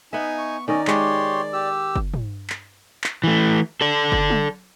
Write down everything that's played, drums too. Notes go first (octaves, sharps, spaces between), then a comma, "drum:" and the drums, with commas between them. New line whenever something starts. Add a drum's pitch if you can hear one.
B3 D#4 E5 G#5
C#6
D#3 C#4 A#4 D5 D#5
G#3 G4 C#5 C6, drum: clap
G4 E6
drum: kick F#1
drum: tom
drum: clap
drum: clap
E3 A3
A4 D5
drum: kick F#1
drum: tom